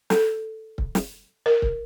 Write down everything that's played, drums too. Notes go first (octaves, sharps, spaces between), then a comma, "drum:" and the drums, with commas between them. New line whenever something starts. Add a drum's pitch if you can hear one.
A4, drum: snare
drum: kick C#1
drum: snare
A#4
drum: kick C#1